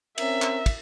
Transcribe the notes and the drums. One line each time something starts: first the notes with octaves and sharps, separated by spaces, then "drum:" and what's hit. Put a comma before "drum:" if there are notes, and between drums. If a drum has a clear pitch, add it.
C4 C#4 A#4 E5, drum: cymbal
drum: clap
drum: kick, cymbal